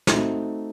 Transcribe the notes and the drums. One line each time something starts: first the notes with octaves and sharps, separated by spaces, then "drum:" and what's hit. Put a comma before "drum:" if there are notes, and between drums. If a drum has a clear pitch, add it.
A3 C4 D#4 F#4, drum: snare